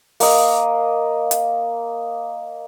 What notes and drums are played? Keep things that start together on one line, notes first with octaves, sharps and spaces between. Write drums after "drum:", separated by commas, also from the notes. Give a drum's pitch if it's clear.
A#3 D#5, drum: open hi-hat
drum: hi-hat